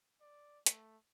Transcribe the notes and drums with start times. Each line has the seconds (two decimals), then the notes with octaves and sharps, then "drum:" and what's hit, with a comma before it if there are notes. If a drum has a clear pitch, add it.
0.21 D5
0.66 A3, drum: hi-hat